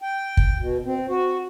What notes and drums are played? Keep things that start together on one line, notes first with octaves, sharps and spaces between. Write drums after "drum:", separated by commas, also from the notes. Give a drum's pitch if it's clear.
G5
drum: kick
B2
C4
F#4